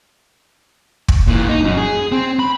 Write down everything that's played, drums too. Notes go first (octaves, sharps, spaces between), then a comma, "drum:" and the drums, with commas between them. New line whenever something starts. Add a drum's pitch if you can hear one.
drum: kick
A#2 E3
D#4
F#2
G#4
C4
B5